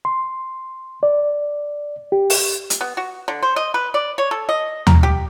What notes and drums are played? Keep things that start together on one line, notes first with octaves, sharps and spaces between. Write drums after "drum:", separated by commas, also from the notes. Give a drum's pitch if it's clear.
C6
D5
G4
drum: open hi-hat
drum: hi-hat
B3
F#4
D3
C5
D#5
B4
D5
C#5
A4
D#5
A#4, drum: tom D#2
G4